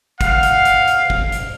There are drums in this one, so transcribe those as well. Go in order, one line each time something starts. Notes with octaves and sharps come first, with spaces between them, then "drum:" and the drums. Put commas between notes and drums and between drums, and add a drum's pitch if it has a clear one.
F5 F#5, drum: kick, hi-hat
drum: hi-hat
drum: hi-hat
drum: hi-hat
drum: kick
drum: hi-hat